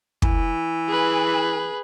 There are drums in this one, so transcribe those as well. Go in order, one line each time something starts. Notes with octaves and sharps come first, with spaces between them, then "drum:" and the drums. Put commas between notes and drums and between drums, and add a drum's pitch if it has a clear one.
E3, drum: kick
G#4 B4